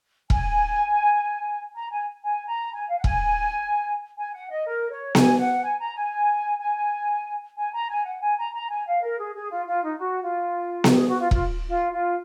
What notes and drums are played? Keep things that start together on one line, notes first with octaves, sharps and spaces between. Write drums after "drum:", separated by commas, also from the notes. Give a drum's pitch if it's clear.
G#5, drum: kick E1
A#5
G#5
G#5
A#5
G#5
F5
F#5
G#5, drum: kick E1
G#5
F#5
D#5
A#4
C#5
G#5, drum: snare B3
F#5
G#5
A#5
G#5
G#5
G#5
A#5
G#5
F#5
G#5
A#5
A#5
G#5
F5
A#4
G#4
G#4
F4
F4
D#4
F#4
F4
drum: snare B3
G#4
F#4
F4
F4, drum: kick E1
F4
F4